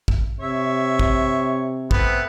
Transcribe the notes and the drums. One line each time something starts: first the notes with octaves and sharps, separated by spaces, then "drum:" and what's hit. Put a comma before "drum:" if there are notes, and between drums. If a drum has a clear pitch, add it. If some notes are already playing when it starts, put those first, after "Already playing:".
drum: kick
C3 C#5 E5
drum: kick
A3 B3 C4, drum: kick